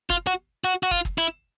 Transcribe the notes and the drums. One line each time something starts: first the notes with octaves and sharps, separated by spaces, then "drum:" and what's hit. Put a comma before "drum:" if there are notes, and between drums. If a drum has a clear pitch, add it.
F4, drum: kick
F#4
F#4
F#4
F4, drum: kick
drum: kick
E4